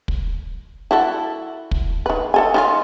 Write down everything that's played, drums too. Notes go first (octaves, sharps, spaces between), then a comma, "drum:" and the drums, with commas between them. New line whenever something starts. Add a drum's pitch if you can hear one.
drum: kick
E4 F#4 A4
drum: kick
D#3 B4
D#3 A4 G#5
D#3 D#4 F4